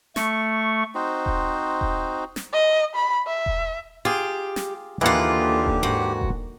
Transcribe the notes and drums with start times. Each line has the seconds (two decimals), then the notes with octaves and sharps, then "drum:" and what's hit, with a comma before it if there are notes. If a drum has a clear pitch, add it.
0.16 A3 C#6, drum: snare
0.95 C4 D#4 F#4 C5
1.26 drum: kick E1
1.81 drum: kick E1
2.36 drum: snare
2.53 D#5
2.95 B5
3.26 E5
3.46 drum: kick E1
4.05 F4 G4 G#4
4.56 drum: snare
5.01 D#2 D3 E3 G#3 A#3 F4 G4 F#5
5.66 drum: kick E1
5.83 G#2 F#4
6.21 drum: kick E1